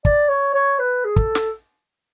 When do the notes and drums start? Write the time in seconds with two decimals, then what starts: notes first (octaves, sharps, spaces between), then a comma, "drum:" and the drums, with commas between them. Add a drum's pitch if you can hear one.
0.05 D5, drum: kick
0.29 C#5
0.54 C#5
0.79 B4
1.05 G#4
1.16 A4, drum: kick
1.35 drum: snare